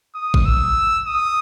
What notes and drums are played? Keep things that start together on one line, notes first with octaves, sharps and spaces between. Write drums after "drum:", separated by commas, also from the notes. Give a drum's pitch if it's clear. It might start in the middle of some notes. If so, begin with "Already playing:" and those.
D#6
drum: kick A1
E6
D#6